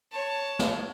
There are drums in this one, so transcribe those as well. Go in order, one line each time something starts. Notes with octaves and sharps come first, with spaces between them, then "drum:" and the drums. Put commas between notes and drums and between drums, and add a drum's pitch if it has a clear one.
C#5 A5
drum: snare